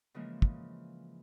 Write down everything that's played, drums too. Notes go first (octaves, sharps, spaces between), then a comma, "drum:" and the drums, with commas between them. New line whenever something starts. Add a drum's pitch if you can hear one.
C#3 E3 F3 G#3 A#3
drum: kick